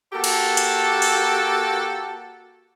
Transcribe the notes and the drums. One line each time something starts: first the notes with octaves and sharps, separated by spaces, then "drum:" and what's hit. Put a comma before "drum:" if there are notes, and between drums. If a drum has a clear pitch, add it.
A#3 F#4 G4 A4
drum: cymbal
drum: hi-hat
drum: open hi-hat